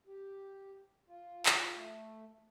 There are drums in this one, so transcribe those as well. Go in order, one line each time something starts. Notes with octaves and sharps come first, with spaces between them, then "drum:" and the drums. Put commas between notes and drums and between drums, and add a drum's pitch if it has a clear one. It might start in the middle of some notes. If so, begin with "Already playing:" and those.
G4
F4
drum: clap
A3